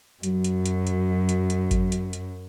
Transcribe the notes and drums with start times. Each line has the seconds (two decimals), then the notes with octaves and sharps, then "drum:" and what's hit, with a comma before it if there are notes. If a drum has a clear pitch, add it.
0.23 F#2 F#3, drum: hi-hat
0.44 drum: hi-hat
0.66 drum: hi-hat
0.87 drum: hi-hat
1.29 drum: hi-hat
1.50 drum: hi-hat
1.71 drum: kick G#1, hi-hat
1.92 drum: hi-hat
2.13 drum: hi-hat